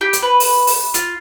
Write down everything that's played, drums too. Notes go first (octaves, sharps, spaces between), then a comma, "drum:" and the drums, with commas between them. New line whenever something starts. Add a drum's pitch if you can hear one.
G4
drum: hi-hat
B4
drum: open hi-hat
drum: open hi-hat
F4, drum: hi-hat